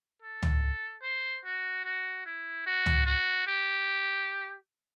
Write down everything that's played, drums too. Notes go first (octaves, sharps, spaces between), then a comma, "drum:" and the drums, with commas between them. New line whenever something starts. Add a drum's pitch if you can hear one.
A4
drum: tom C#2
C5
F#4
F#4
E4
F#4
drum: tom C#2
F#4
G4